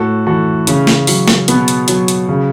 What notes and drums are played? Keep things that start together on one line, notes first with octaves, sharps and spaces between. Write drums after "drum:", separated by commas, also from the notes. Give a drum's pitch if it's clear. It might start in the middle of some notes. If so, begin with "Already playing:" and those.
Already playing: A2 F#4 A4
E3 F#4 A4
C#3 C#4, drum: hi-hat
drum: snare
F#3, drum: open hi-hat
drum: snare
B2 B3, drum: hi-hat
drum: hi-hat
F#3, drum: hi-hat
drum: hi-hat
C#3